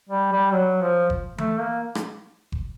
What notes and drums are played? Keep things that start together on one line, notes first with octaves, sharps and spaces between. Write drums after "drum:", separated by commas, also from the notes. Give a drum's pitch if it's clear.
G3
G3
F#3
F3
drum: kick F#1
A3, drum: tom E3
A#3
drum: rim click
drum: kick F#1